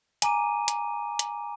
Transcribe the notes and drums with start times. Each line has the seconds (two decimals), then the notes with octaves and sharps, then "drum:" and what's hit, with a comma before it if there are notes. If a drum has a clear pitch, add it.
0.22 G#5 A#5 D6 D#7, drum: hi-hat
0.68 drum: hi-hat
1.19 drum: hi-hat